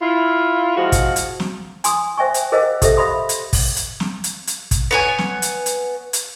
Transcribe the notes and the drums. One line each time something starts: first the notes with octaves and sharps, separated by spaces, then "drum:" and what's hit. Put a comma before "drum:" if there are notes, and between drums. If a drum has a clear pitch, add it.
E4 F4
F3 G#3 F4 F#4
drum: kick, hi-hat
drum: hi-hat
drum: snare
G#5 C6 D#6, drum: hi-hat
C5 E5 G5 G#5 C#6
drum: hi-hat
G#4 A#4 C5 D#5 F5 F#5
G4 A4 C5 E5, drum: kick, hi-hat
E5 F5 B5 C6 D#6
drum: hi-hat
drum: kick, open hi-hat
drum: hi-hat
drum: snare
drum: hi-hat
drum: hi-hat
drum: kick, hi-hat
B3 C#5 G#5
drum: snare
drum: hi-hat
drum: hi-hat
drum: hi-hat